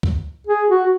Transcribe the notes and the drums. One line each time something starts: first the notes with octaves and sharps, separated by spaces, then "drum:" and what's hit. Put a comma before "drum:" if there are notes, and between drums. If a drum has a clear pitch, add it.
drum: kick C2
G#4
F#4